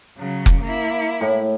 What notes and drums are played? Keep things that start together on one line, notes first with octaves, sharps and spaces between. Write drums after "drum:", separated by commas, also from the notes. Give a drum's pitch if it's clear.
C#3 F#3
drum: kick F1
A#3 E4
A2